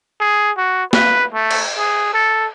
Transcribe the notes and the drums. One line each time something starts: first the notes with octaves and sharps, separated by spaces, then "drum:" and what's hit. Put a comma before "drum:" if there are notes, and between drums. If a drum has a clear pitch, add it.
G#4
F#4
B4, drum: snare
A3
drum: cymbal
G#4
A4